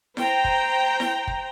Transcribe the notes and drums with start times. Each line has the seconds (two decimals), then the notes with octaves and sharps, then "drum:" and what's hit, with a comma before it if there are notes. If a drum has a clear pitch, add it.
0.17 C5 G5 A#5, drum: snare E4
0.44 drum: kick
1.00 drum: snare E4
1.27 drum: kick